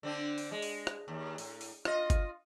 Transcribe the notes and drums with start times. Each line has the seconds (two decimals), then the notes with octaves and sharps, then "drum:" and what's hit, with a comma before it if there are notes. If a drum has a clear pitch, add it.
0.03 D3 C4 D4
0.38 drum: open hi-hat
0.52 G#3
0.62 drum: open hi-hat
0.87 drum: rim click
1.08 D#2
1.38 A2, drum: open hi-hat
1.61 drum: open hi-hat
1.85 F4 D#5, drum: rim click
2.10 drum: kick G1, hi-hat